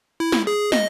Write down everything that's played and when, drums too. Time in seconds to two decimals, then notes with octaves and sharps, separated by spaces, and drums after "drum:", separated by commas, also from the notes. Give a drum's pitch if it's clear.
0.20 E4
0.32 drum: snare
0.47 G#4
0.72 D#5, drum: snare